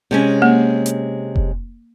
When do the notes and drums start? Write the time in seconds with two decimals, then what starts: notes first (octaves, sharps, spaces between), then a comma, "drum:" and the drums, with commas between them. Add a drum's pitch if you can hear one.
0.11 C3 G#3 C#4
0.42 A#3
0.86 drum: hi-hat
1.36 drum: kick F1